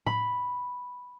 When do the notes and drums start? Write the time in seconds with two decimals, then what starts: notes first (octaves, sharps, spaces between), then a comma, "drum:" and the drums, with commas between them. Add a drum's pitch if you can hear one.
0.06 B5, drum: tom A2